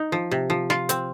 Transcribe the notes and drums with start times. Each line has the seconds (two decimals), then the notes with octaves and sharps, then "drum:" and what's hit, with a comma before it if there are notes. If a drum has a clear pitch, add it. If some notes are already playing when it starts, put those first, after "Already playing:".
Already playing: D#4
0.12 F3
0.31 C3
0.50 F3
0.70 F4, drum: snare
0.89 C4, drum: hi-hat